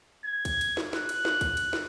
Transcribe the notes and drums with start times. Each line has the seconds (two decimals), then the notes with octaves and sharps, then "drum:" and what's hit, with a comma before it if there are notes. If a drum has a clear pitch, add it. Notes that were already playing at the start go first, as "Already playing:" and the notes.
0.24 G#6
0.45 drum: kick, cymbal
0.61 drum: cymbal
0.77 drum: snare
0.93 F#6, drum: snare
1.09 drum: cymbal
1.25 drum: snare
1.41 drum: kick, cymbal
1.57 drum: cymbal
1.73 drum: snare